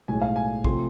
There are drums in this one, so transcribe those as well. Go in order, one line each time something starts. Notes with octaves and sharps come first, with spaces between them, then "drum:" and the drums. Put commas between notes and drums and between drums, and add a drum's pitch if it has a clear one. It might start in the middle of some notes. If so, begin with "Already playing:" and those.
B1 A2 G#3 G#5
F5
G#5
C3 F3 A3 C6, drum: kick